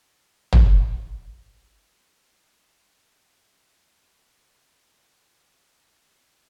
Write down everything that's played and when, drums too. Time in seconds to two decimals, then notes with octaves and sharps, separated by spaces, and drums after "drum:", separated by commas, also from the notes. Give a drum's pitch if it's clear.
0.16 C#2
0.53 drum: tom
0.88 F#2
3.02 F#5 A5
4.93 E3 C4